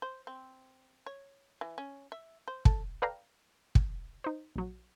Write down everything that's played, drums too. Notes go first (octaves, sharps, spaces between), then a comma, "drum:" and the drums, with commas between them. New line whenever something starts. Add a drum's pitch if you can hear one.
C5
C4
C#5
E3
C#4
E5
C5
A4, drum: kick
A4 B4 D5 F5 G5 A#5
drum: kick
D#4 C5
A#1 F#3